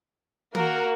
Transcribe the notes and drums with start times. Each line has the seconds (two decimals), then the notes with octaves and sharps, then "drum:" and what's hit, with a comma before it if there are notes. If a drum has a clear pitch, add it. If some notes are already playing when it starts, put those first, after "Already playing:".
0.55 A#3 F#4 A#4, drum: tom